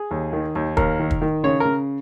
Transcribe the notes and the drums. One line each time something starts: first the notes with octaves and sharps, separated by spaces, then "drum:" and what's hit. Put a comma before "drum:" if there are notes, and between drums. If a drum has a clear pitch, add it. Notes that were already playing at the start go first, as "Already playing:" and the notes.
Already playing: G#4
D#2
D#3
D#2
D#2 A#4, drum: kick
D#3
drum: kick
D#3
C#3 C#5
C#3 A#4